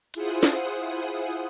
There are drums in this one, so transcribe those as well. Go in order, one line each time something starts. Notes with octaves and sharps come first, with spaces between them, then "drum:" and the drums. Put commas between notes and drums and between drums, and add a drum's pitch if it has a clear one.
E4 F4 G#4 C5 F#5 D#6, drum: hi-hat
drum: snare